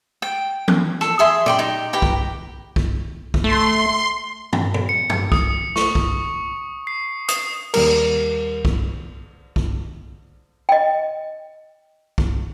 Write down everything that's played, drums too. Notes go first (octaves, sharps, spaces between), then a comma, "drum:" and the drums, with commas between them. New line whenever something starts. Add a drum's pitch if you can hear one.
G5
drum: tom E3
A4, drum: rim click
G#4 E5 C6
D5 G5 C6, drum: tom A#2
D#4 G4
G4 B4 G5 A#5
drum: kick B1
drum: kick B1
drum: kick B1
A3 C6
drum: tom
drum: tom A#2
C#7
drum: tom F#2
D#6, drum: kick B1
C#6, drum: snare
drum: kick B1
C7
D#6, drum: hi-hat
D#2 G3 A#4, drum: cymbal
drum: kick B1
drum: kick B1
D#5 G5
drum: kick B1